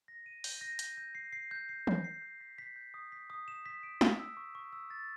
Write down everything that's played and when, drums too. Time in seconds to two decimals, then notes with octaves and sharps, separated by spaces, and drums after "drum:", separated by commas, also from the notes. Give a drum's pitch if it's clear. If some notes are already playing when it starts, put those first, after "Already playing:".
0.08 A#6
0.26 D#7
0.44 G6, drum: open hi-hat
0.61 A#6
0.79 G6, drum: hi-hat
0.97 G6
1.15 C7
1.32 C7
1.51 G6
1.69 C7
1.87 G6, drum: tom
2.04 C7
2.22 G6
2.41 B6
2.58 B6
2.76 G6
2.94 D#6
3.12 B6
3.30 D#6
3.48 E7
3.66 B6
3.83 D7
4.01 D7, drum: snare
4.19 E6
4.37 C#6
4.55 C#6
4.72 E6
4.90 A6